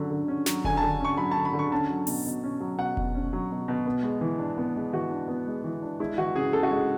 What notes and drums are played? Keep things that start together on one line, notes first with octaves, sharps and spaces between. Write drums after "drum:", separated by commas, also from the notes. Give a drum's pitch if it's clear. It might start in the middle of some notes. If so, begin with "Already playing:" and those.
Already playing: D3 F#3 C#4
D3
C#4
F#3, drum: snare
D3 G#5, drum: kick F1
A5
D3
C#4 C#6
F#3 B5
D3 A5
B5
D3
C#6
C#4 A5
F#3
B2, drum: open hi-hat
B2
C#4
F#3
B2 F#5
B2, drum: kick F1
C#4
F#3
B2
B2
B3
G#3
E3
D4
B3
G#3
E3 F#4
D4
B3
G#3
E3
D4
G#3 E4
E3 F#4
C#3 G#4
C#4 A4
F#4
G#3 G#4